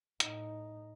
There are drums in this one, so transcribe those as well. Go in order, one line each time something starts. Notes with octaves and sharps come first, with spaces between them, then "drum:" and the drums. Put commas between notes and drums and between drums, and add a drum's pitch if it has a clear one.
A2 D#4, drum: hi-hat